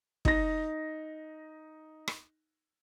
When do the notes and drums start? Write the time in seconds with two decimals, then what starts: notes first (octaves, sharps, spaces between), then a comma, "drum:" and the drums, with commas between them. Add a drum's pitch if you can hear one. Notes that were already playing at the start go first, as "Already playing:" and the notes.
0.25 D#4 A#6, drum: kick
2.08 drum: rim click